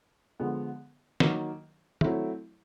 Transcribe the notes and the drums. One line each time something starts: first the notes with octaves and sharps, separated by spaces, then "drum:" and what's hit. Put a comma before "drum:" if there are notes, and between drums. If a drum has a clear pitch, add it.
D3 F3 G#3 B3
D#3 F#3 A#3, drum: snare
F#3 A3 C4 E4, drum: tom